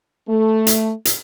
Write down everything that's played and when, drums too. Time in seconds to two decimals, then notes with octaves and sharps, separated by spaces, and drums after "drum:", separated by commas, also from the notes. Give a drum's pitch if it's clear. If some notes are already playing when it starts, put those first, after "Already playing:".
0.28 A3
0.67 drum: hi-hat
1.05 drum: hi-hat